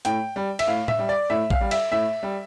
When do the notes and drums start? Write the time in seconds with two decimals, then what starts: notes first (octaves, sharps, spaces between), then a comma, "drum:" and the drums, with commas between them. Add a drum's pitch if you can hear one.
0.05 A2 G5, drum: hi-hat
0.36 G3
0.59 E5, drum: cymbal
0.67 A2 F5
0.88 E5, drum: tom A2
0.99 G3
1.09 D5
1.30 A2 E5
1.50 F5, drum: kick
1.61 G3
1.71 E5, drum: cymbal
1.92 A2 E5
2.23 G3